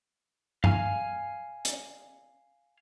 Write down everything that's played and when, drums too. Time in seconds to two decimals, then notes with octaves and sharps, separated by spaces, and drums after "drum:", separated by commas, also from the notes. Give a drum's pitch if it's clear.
0.64 F5 G#5 F6, drum: tom G2
1.65 drum: hi-hat